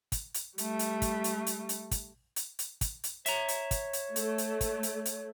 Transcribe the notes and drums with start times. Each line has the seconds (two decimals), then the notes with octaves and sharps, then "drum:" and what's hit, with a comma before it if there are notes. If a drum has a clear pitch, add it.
0.12 drum: kick, hi-hat
0.34 drum: hi-hat
0.58 G3 A3, drum: hi-hat
0.79 drum: hi-hat
1.02 drum: kick, hi-hat
1.24 drum: hi-hat
1.47 drum: hi-hat
1.69 drum: hi-hat
1.91 drum: kick, hi-hat
2.36 drum: hi-hat
2.59 drum: hi-hat
2.81 drum: kick, hi-hat
3.04 drum: hi-hat
3.26 C#5 E5 A#5, drum: hi-hat
3.48 drum: hi-hat
3.71 drum: kick, hi-hat
3.93 drum: hi-hat
4.16 A3, drum: hi-hat
4.38 drum: hi-hat
4.61 drum: kick, hi-hat
4.83 drum: hi-hat
5.05 drum: hi-hat